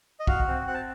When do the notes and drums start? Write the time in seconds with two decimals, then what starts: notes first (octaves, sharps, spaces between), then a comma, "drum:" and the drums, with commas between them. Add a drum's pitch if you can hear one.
0.20 D#5
0.27 F#4 F5, drum: kick
0.48 C4
0.66 C4 F#5
0.74 A5